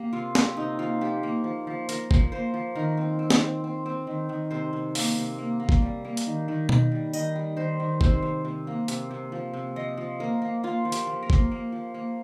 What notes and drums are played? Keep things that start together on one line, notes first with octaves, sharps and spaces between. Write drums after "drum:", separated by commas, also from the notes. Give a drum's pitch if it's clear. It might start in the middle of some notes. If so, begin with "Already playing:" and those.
Already playing: A#3 G4
C3 F4
C3 G4, drum: snare
C3 D#4
A#3 F4
F3 G4
A#3
F3
F3
F3 A#4, drum: hi-hat
F3, drum: kick G1
A#3 C5
F3
D#3 A#4
C4
C4
drum: snare
C4
C4
C4
D#3
D#3
C3 C5
C3
A#3, drum: open hi-hat
C3
A#3
A#3
drum: kick G1
G3
A#3
drum: hi-hat
D#3
D#3
D#3, drum: tom B2
G3
D#3 D#5, drum: tambourine
G3
D#3 C5
D#3
C3 C5, drum: kick G1
C3
C3
A#3
C3, drum: hi-hat
C3
F3
C3
F3 D#5
F3
A#3 A#4
A#3
A#3 F4
F3
G4, drum: hi-hat
F3
A#4
A#3, drum: kick G1
A#3
F3
A#3